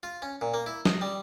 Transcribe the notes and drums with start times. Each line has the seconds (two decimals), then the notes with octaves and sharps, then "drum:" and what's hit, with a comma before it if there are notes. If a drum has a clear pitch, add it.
0.03 F4
0.22 C#4
0.41 A#2
0.54 A#3
0.66 E4
0.85 D#5, drum: snare
1.01 G3